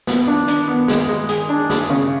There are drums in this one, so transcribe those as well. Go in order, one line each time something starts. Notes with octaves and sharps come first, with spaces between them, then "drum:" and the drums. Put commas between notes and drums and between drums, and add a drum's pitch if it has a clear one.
B3, drum: snare
D4
D4, drum: hi-hat
B3
G#3, drum: snare
G#3
G#4, drum: hi-hat
D4
G#4, drum: snare
C#3